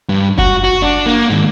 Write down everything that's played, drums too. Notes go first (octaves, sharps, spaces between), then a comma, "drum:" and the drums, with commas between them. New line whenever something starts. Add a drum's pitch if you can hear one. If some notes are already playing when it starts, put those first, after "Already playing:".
G2
F#4, drum: kick F#1
F#4
D4
A#3
G#2 D#3